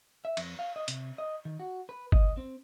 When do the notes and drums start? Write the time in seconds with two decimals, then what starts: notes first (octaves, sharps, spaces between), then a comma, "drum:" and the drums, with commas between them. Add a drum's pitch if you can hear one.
0.25 E5
0.37 F2, drum: cymbal
0.59 F5
0.76 D#5
0.88 C3, drum: hi-hat
1.18 D#5
1.45 D#3
1.59 F#4
1.89 B4
2.12 D#5, drum: kick G1
2.37 C4